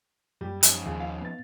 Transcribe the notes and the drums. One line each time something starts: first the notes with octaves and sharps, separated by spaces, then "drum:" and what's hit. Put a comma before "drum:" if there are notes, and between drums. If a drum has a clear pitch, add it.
F#2 G3
F3 C#4 D#4, drum: hi-hat
D#2 C#3
F5
B3 A6